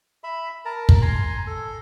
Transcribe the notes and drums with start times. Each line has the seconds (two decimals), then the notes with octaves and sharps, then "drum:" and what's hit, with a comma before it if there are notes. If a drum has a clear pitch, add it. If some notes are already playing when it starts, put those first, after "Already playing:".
0.24 E5 B5
0.65 A#4 A5 A#5
0.89 drum: kick
1.02 G#5 A#5 C6
1.47 A4